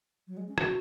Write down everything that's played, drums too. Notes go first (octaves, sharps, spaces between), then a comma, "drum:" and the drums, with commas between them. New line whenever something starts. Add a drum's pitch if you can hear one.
F#3
G#3
C#4
F#4, drum: rim click